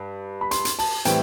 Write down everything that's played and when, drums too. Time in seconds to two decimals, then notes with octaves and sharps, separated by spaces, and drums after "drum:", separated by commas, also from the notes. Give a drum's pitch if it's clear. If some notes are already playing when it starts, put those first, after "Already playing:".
Already playing: G2
0.41 B5
0.51 C6, drum: hi-hat
0.65 drum: hi-hat
0.79 A5, drum: open hi-hat
1.05 A2 E3 G3 C4 G5, drum: hi-hat